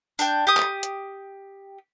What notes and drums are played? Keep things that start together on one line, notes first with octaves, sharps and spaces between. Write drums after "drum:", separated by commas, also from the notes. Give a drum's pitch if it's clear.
D4 G5, drum: tambourine
G4 D#6
drum: clap
drum: hi-hat